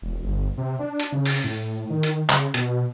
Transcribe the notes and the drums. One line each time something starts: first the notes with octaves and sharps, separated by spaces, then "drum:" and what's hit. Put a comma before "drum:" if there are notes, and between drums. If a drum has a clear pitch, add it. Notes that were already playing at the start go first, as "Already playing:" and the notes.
E1
G1
C3
D4
drum: hi-hat
C#3
drum: open hi-hat
A2
D#3
drum: hi-hat
C#3, drum: clap
B2, drum: hi-hat